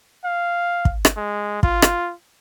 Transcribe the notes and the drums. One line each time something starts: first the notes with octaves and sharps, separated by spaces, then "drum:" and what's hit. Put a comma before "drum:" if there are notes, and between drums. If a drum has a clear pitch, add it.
F5
drum: kick
drum: rim click
G#3
F4, drum: kick
drum: rim click